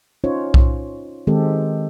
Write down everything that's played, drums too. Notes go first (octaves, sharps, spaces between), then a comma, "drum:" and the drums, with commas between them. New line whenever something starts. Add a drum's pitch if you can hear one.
C#4 D#4 F4 C5 C#5
drum: kick B1
D#3 G#3 C4 G4 A4